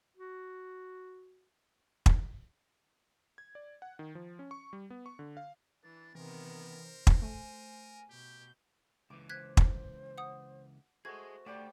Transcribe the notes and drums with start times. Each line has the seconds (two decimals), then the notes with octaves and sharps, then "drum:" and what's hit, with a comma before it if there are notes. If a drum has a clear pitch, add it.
0.17 F#4
2.06 drum: kick
3.38 G#6
3.55 D5
3.82 F#5
3.99 D#3
4.15 F3
4.39 C#4
4.51 C#6
4.73 G3
4.90 B3
5.06 C#6
5.19 D3
5.37 F5
5.83 E3 D4 A6
6.15 C3 D#3 E3 B3 A#4
6.83 C5
7.07 drum: kick
7.22 A3 G#5
8.10 B2 G4 G6
9.10 C#2 E3 D6
9.29 C5 F#6 G#6 B6
9.57 drum: kick
10.18 F#5 D#6
11.05 A3 F#4 G#4 C5 D#5 G#6
11.46 G3 A3 C5 D5 F#5 G5 D6